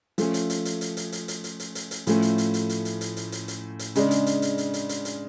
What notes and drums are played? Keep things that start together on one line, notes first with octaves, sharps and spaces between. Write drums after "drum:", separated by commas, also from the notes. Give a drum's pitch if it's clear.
F3 A3 C#4, drum: hi-hat
drum: hi-hat
drum: hi-hat
drum: hi-hat
drum: hi-hat
drum: hi-hat
drum: hi-hat
drum: hi-hat
drum: hi-hat
drum: hi-hat
drum: hi-hat
drum: hi-hat
A2 F3 A3 C#4, drum: hi-hat
drum: hi-hat
drum: hi-hat
drum: hi-hat
drum: hi-hat
drum: hi-hat
drum: hi-hat
drum: hi-hat
drum: hi-hat
drum: hi-hat
drum: hi-hat
C#3 G#3 D4, drum: hi-hat
drum: hi-hat
drum: hi-hat
drum: hi-hat
drum: hi-hat
drum: hi-hat
drum: hi-hat
drum: hi-hat